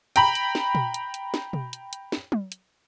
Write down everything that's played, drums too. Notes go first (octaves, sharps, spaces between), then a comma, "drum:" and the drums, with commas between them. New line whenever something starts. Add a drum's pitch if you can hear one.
G5 A#5 B5, drum: hi-hat
drum: hi-hat
drum: snare
drum: tom A#2
drum: hi-hat
drum: hi-hat
drum: snare
drum: tom B2
drum: hi-hat
drum: hi-hat
drum: snare
drum: tom
drum: hi-hat